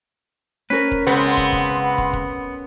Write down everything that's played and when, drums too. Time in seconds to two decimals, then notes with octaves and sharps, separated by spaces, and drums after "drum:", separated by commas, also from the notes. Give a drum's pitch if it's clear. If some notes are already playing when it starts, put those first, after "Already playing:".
0.70 C#4 A#4 B4
0.91 drum: kick
1.07 C#3 G#3 B3 C4 F#5 B5 C6
1.37 drum: kick
1.52 drum: kick
1.98 drum: kick
2.13 drum: kick